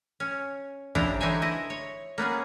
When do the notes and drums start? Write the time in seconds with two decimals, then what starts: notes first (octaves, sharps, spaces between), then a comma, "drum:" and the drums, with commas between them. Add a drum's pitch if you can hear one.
0.20 C#4
0.95 C#3 F3 D4 E4 G4 A#5, drum: kick
1.21 D3 E3 D#4 C5 E5 G#5
1.42 E4 D#5
1.70 C#5
2.18 A#3 B3 C#4 G#4